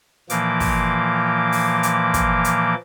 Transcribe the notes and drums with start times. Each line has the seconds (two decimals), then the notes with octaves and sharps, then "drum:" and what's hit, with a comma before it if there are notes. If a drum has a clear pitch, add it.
0.30 A#2 E3 F3 A#3 D6, drum: hi-hat
0.60 drum: kick, open hi-hat
1.52 drum: open hi-hat
1.83 drum: hi-hat
2.14 drum: kick, hi-hat
2.44 drum: hi-hat